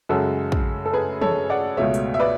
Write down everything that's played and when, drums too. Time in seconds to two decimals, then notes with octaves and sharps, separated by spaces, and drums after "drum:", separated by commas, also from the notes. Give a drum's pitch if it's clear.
0.09 F#2 C#3 G#3 F#4 A4
0.52 drum: kick
0.86 A4
0.93 G#4 B4
1.21 A4 C#5, drum: tom
1.50 D5 F#5
1.77 C#2 B2 A3 C#5 E5
1.94 drum: hi-hat
2.14 E5
2.20 B4 D5